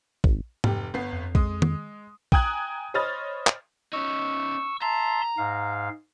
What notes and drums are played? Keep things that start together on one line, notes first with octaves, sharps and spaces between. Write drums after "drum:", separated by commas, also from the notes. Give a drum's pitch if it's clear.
G#1, drum: kick
F1 G4, drum: tom G#2
G1 B3 C7
F2
G#3 D#6, drum: kick
drum: tom D#3
G5 G#5 A#5 D#6 F#6 G#6, drum: kick
C5 C#5 D#5 B5 F6 A6
drum: clap
C#4 D#4 C#6 E6
E5 A5 A#5 C6
G#2 F5